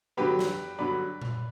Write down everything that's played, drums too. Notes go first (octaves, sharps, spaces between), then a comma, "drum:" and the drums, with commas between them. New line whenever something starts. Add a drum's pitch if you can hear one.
G2 D3 F#3 B3 G4 B4
drum: snare
G2 D3 F#3 B3 B4 D5
drum: tom A#2